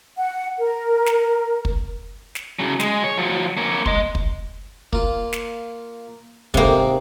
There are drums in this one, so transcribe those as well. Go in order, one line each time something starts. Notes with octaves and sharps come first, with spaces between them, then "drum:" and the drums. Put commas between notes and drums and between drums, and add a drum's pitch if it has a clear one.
F#5
A#4
drum: snare
drum: kick
drum: snare
C#3 F#3
G#3, drum: snare
C#5
F3 F#3
A#3 C#5
D#5 C6, drum: kick
drum: kick
A#3 F4, drum: kick
drum: snare
G#2 C3 D#3 A#3, drum: kick